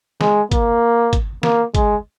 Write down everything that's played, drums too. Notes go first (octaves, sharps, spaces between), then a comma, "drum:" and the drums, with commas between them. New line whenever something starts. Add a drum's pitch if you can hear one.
G#3, drum: snare
A#3, drum: kick G#1, hi-hat
drum: kick G#1, hi-hat
A#3, drum: snare
G#3, drum: kick G#1, hi-hat